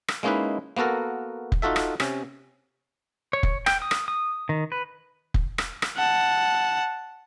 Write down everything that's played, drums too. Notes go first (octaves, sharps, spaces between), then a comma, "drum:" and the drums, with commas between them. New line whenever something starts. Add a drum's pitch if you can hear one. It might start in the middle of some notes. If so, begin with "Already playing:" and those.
drum: rim click
G#3 A#3 C#4 D#4 E4 B4
A#3 B3 F#4 A4 A#4
drum: kick F1
D#4 F4 F#4 A4 E5
drum: rim click
C3 C#4, drum: rim click
C#5
drum: kick F1
G5, drum: rim click
D#6
drum: rim click
D#6
D#3
B4
drum: kick F1
drum: rim click
drum: rim click
F#5 A5